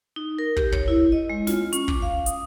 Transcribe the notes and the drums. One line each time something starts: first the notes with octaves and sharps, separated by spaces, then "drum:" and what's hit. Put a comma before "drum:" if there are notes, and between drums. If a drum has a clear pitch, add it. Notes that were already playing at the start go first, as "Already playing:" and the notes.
D#4
A#4
G4, drum: kick
C#5, drum: kick
E4
D#5
G#3
F4, drum: snare
C#4, drum: hi-hat
D6, drum: kick
F5
D#6, drum: hi-hat